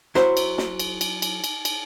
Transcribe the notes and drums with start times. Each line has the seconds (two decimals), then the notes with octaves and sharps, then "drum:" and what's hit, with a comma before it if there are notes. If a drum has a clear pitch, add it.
0.15 F#3 E4 C5 E5, drum: snare
0.37 drum: cymbal
0.58 drum: snare
0.79 drum: cymbal
1.01 drum: cymbal
1.22 drum: cymbal
1.44 drum: cymbal
1.65 drum: cymbal